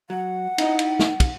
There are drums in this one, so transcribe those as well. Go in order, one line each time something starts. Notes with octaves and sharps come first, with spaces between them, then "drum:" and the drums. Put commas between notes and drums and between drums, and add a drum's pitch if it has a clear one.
F#3 F#5
D#4 E4 D#5, drum: cymbal
drum: cymbal
drum: snare
drum: kick, cymbal